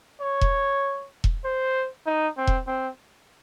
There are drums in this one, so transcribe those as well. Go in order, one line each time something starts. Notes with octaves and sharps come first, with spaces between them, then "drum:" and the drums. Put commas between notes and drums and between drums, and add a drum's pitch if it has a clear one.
C#5
drum: kick E1
drum: kick E1
C5
D#4
C4
drum: kick E1
C4